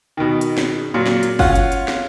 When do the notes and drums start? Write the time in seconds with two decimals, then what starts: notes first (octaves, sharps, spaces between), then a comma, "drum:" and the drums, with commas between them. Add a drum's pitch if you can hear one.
0.17 B2 D#3
0.41 drum: hi-hat
0.58 drum: snare
0.94 A#2 F#3
1.07 drum: snare
1.23 drum: hi-hat
1.39 C#4 F4 F#5, drum: kick G1, open hi-hat
1.55 drum: hi-hat
1.72 drum: hi-hat
1.88 drum: snare